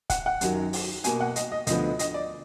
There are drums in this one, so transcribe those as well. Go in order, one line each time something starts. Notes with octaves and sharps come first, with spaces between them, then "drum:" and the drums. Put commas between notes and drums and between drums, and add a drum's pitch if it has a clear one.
F#5, drum: kick, hi-hat
F#5
F#2 D#3 F#3, drum: hi-hat
drum: open hi-hat
B2 A#3 G#5, drum: hi-hat
F#5
D#5, drum: hi-hat
D#5
D2 D3 F3 B3 D#5, drum: hi-hat
D#5, drum: hi-hat
D5